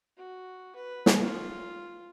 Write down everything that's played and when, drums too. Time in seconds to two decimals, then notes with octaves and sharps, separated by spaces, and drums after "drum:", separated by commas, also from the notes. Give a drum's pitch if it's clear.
0.18 F#4
0.76 B4
1.06 drum: snare
1.22 F4